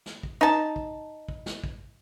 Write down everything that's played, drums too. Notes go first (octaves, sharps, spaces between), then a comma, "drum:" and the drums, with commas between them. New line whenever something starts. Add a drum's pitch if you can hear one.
drum: snare
drum: kick
D#4 A5
drum: kick
drum: kick
drum: snare
drum: kick